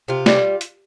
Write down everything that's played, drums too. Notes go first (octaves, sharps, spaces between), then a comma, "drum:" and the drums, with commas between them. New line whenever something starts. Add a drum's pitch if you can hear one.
C3 F4
G3, drum: snare
drum: hi-hat